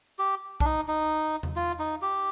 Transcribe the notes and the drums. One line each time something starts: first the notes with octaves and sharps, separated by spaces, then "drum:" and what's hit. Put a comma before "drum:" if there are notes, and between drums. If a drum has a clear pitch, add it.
G4
D4, drum: kick B1
D#4
D#4
drum: tom E2
F4
D#4
G4